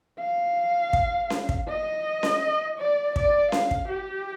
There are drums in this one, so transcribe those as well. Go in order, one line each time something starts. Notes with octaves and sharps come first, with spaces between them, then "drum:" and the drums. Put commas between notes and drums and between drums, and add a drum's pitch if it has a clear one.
F5
drum: kick
drum: snare C#4
drum: kick
D#5
drum: snare C#4
D5
D5, drum: kick
F5, drum: snare C#4
drum: kick
G4